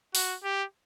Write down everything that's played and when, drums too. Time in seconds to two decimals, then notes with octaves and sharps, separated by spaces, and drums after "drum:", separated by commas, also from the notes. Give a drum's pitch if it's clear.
0.15 F#4, drum: open hi-hat
0.44 G4